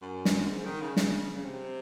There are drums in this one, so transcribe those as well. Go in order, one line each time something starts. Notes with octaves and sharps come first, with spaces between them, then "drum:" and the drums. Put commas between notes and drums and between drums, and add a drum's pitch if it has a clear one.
F#2
drum: snare
F#2
G#2
D#3
C#3
C#3, drum: snare
C#3
C3